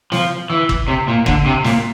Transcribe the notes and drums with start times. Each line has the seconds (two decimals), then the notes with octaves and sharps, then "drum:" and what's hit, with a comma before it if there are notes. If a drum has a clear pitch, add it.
0.12 F3, drum: snare
0.50 E3
0.69 drum: kick
0.88 C3
1.08 A#2
1.26 D3, drum: kick
1.46 C3
1.64 A#2, drum: snare